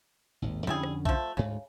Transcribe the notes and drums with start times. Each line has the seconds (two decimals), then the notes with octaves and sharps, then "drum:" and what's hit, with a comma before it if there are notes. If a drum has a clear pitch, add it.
0.42 G#1 D#2, drum: tom A2
0.67 F2 D3 G3 C#4 E4 G#4
0.83 drum: rim click
1.05 F3 A3, drum: kick B1
1.37 D2 G#2 C#3